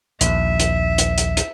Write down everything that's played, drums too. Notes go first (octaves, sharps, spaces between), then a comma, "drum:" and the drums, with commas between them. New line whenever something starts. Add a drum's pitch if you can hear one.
A#1 D#2 E5, drum: hi-hat
drum: hi-hat
drum: hi-hat
drum: hi-hat
drum: hi-hat